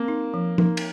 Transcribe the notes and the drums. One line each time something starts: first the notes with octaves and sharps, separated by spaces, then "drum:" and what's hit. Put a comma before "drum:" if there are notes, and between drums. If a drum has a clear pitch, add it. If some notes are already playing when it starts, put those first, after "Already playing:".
Already playing: A#3 C4
D#4
F3
A#3 D#4, drum: tom F3
drum: cymbal